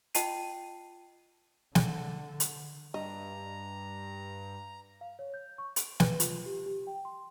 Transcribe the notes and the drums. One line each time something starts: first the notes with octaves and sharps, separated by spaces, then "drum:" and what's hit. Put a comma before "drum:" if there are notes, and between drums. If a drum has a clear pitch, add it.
F4 D#5 G5 A5 C7 D#7, drum: hi-hat
D3, drum: snare
drum: hi-hat
G2 D#5 A#5
F5
C#5
G6
C#6
D7, drum: hi-hat
B4, drum: snare
F4, drum: hi-hat
G4
G4
G5
C6